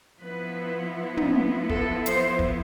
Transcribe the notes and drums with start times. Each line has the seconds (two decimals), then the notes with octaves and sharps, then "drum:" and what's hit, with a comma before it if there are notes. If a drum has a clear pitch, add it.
0.21 F3 B3 E4 B4
1.17 drum: tom
1.70 A4, drum: kick
2.06 C5, drum: hi-hat
2.39 drum: kick